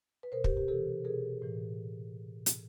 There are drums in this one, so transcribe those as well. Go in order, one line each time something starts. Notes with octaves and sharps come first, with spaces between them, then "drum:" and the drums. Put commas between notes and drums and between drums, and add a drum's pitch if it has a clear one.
B4
B2 A#4 C5
G4, drum: kick
G4
C3 E3 G4 A4
B2 G#4 A#4
A2 E3
drum: hi-hat